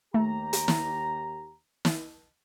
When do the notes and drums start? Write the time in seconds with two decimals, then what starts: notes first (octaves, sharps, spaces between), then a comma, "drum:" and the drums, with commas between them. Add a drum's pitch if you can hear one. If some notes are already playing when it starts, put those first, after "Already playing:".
0.14 D#2 A3 G4 A#5
0.53 drum: hi-hat
0.68 drum: snare
1.85 drum: snare